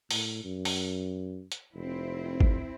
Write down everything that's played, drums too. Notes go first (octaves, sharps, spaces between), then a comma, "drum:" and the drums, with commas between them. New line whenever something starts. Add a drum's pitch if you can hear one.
A2, drum: open hi-hat
F#2
drum: open hi-hat
drum: hi-hat
F1 C4 E4
drum: kick